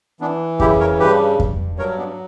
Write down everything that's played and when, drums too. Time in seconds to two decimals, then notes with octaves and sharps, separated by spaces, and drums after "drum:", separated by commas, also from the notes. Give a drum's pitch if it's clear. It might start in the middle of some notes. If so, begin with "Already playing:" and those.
0.20 E3 B3 D4
0.60 C#3 E4 G4, drum: kick F2
0.80 A#4 C#5
0.99 G2 G4 B4
1.40 G2, drum: kick F2
1.78 F#3 A#4 C#5
1.98 B3 D4